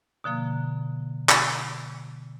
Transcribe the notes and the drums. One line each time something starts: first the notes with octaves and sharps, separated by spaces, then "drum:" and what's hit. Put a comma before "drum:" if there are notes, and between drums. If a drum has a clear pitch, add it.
B2 D3 F3 A#3
drum: clap